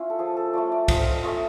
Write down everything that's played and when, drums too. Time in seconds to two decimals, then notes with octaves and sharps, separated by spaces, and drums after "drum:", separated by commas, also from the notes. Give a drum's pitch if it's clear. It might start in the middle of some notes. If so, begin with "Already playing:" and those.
Already playing: C#4 E4 F4
0.10 A4
0.19 F3 G#4
0.37 A4
0.53 A3 C#4 F4 D5
0.72 D5
0.88 F3 D#5, drum: kick, cymbal
0.99 F5
1.06 E5
1.23 A3 C#4 F4 D#5